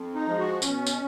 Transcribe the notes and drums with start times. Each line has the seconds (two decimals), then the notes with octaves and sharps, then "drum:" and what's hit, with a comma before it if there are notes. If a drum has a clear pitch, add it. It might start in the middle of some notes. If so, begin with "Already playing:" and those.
Already playing: F2
0.15 D#4
0.27 F3 G#3
0.38 F#4
0.62 B2 C#4, drum: tambourine
0.87 drum: tambourine